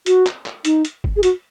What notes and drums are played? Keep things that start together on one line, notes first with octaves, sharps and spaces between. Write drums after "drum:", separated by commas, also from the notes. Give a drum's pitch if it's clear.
F#4, drum: hi-hat
drum: clap
drum: clap
D#4, drum: hi-hat
drum: hi-hat
drum: kick G1
G#4
F#4, drum: hi-hat